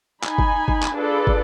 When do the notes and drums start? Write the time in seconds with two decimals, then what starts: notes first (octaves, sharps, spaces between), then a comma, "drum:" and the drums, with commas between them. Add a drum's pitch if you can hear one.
0.24 D#4 G#5 B5, drum: clap
0.38 drum: kick
0.68 drum: kick
0.83 drum: clap
0.94 D4 F4 G#4 A4 B4 D5
1.27 drum: kick